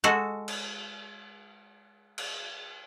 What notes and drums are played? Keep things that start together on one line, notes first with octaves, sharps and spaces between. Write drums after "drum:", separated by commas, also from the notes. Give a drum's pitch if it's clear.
G#3 F#4 A4
drum: cymbal
drum: cymbal